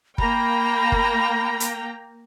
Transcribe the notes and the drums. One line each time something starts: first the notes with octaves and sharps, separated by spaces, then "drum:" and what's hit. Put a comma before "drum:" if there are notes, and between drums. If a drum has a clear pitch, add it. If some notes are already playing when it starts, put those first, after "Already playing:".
A#3 G5 A#5 B5, drum: kick
drum: kick
drum: hi-hat